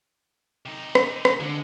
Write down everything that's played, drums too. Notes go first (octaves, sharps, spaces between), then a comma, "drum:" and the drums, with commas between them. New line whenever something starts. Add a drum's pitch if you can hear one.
C3 D#4
drum: rim click
drum: rim click
D3 G#3